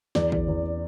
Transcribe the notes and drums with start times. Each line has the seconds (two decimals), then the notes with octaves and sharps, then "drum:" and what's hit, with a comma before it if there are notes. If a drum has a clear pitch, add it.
0.15 E2 D5, drum: snare
0.32 E2, drum: kick
0.48 E2